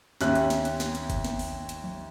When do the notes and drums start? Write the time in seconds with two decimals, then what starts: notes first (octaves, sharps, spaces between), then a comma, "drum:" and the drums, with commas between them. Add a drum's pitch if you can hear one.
0.21 D#2 C#4 G4 E5 F#6, drum: snare
0.35 drum: hi-hat
0.50 drum: snare
0.65 drum: hi-hat
0.80 drum: snare
0.95 drum: hi-hat
1.10 drum: kick G1, hi-hat
1.24 drum: snare
1.39 drum: open hi-hat
1.69 drum: hi-hat
1.84 drum: tom